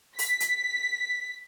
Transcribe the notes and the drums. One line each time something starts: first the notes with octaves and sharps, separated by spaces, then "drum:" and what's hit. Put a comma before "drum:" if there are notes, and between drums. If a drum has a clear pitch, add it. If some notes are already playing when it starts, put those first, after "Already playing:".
B6, drum: open hi-hat
drum: hi-hat